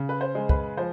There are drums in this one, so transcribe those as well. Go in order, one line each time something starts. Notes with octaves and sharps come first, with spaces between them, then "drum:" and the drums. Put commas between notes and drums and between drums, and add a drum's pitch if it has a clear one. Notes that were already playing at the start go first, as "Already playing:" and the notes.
Already playing: C#3
B4
C5
G#3
B4, drum: kick
F3 C5